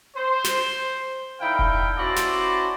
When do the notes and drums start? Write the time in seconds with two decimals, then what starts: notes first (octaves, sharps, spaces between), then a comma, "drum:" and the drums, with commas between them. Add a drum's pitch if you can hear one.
0.16 C5
0.44 drum: snare
1.41 D3 D#4 E4 F5 G5
1.59 drum: kick E1
1.97 C#4 E4 F#4 A4 C5 D5
2.16 drum: snare